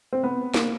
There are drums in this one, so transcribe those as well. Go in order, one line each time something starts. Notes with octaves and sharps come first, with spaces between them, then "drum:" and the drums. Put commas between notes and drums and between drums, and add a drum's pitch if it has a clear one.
C4
B3
A#3, drum: snare